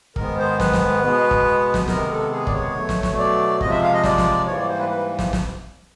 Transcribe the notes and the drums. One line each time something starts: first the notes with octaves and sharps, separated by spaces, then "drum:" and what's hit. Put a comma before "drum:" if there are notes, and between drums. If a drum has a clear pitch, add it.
G#2 D#3 G#3 B3 A#4, drum: kick
C5
B4, drum: snare
drum: snare
B2 G#3 B3
drum: kick
drum: snare
C3 D#3 G#3 B3 A#4, drum: snare
A4
G#4
D5, drum: kick
C#5
B2 F#3 A3
drum: snare
drum: snare
D5
C3 F3 G#3 D#5, drum: kick
E5
F5
D#5
D5, drum: snare
drum: snare
G#2 E3 G3 A#3 C#5
D5
C5
B4
B4
drum: snare
drum: snare